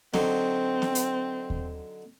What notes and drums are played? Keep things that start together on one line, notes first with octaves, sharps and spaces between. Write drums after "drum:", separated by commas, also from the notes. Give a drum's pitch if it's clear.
D3 F#3 C4 D#4, drum: snare
drum: snare
drum: hi-hat
drum: kick D#2